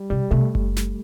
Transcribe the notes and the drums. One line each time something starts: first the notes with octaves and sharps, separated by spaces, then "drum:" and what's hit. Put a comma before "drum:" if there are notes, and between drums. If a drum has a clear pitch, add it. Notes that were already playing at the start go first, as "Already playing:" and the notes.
Already playing: G3
C3 G3
C3 A3
drum: kick F#1
drum: snare